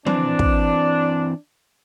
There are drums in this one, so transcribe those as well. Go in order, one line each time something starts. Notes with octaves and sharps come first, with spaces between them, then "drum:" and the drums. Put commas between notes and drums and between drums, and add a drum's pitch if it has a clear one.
E3 C4 D4, drum: tom F3
drum: kick